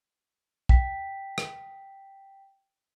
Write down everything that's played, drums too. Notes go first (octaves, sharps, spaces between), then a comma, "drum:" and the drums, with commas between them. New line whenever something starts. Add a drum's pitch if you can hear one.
G5 B6, drum: kick
drum: rim click